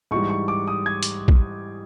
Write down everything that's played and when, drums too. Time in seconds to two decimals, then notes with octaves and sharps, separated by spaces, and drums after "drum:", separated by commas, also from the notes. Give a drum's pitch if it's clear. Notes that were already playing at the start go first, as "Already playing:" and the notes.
0.11 G#2 E3 G3 C#6
0.30 C#6
0.48 D6
0.68 D#6
0.86 G#6
1.03 drum: hi-hat
1.28 drum: kick